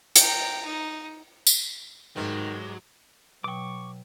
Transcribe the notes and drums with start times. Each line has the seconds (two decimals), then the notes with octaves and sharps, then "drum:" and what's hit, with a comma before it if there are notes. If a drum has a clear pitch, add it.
0.16 G5 A#5, drum: hi-hat
0.65 D#4
1.47 drum: tambourine
2.16 G#2 C3 D#3 F#3 G#3 B3
3.44 B2 F#3 G5 C#6 D6